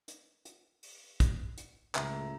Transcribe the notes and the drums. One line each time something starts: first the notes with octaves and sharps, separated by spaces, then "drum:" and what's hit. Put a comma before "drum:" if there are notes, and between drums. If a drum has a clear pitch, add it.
drum: hi-hat
drum: hi-hat
drum: open hi-hat
drum: kick, hi-hat
drum: hi-hat
C#2 A2 E5 A#5, drum: clap